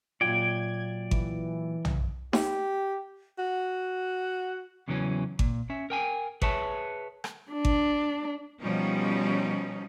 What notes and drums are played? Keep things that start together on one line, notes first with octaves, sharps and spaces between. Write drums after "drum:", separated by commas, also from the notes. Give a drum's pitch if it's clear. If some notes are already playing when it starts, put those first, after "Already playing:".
A#2 F#3 F4 D5 G5 G#6
E3, drum: kick G#1
drum: tom B1
G4, drum: snare D#4
F#4
E2 C#3 E3 F#3 C#4
A#2, drum: kick G#1
C#4 E5
A#4 G5 G#5
G#4 B4 C#5 E5 A5, drum: kick G#1
drum: rim click
D4
drum: kick G#1
B2 F3 G3 C#4 D#4